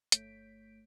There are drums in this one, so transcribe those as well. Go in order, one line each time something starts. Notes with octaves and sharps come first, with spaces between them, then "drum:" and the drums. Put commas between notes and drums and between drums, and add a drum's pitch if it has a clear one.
G1 A3 C#5 G6 B6 D7, drum: hi-hat